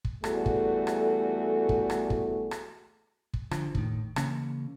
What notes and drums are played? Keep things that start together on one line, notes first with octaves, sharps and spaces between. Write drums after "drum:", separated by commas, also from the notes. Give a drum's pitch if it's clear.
drum: kick
E2 G3 A3 F#4 G#4 A4, drum: rim click
drum: kick
drum: rim click
drum: kick
drum: rim click
drum: kick
drum: rim click
drum: kick
D3 F3, drum: rim click
D#2 A2 D#3, drum: kick
C#3 E3 A#3 C#4, drum: rim click